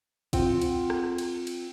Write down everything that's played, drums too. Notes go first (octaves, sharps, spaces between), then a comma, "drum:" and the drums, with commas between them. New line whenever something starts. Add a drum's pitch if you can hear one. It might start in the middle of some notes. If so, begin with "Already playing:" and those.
C4 F4 F#5 G5, drum: kick, cymbal
drum: cymbal
drum: rim click
drum: cymbal
drum: cymbal